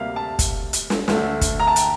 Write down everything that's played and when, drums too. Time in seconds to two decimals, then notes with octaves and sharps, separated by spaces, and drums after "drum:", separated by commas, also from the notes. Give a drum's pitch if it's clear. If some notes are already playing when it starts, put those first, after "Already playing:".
Already playing: D2 C3 G3 A#3 E5 F5
0.16 A5
0.39 drum: kick, hi-hat
0.73 drum: hi-hat
0.90 drum: snare
1.08 D2 D3 A3, drum: snare
1.41 drum: kick, hi-hat
1.60 A#5
1.67 A5
1.76 G5, drum: hi-hat